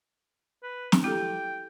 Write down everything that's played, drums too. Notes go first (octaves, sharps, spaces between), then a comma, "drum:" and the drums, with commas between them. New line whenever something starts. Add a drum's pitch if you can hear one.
B4
drum: snare
E4 G4 A4 G5